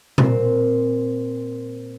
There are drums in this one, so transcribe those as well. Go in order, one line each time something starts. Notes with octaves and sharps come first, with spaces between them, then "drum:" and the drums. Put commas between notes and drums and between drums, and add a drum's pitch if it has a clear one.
A#2 C4, drum: tom B2